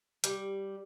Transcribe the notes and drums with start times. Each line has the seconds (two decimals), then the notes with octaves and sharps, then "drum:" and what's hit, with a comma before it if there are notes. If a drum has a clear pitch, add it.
0.24 G3, drum: hi-hat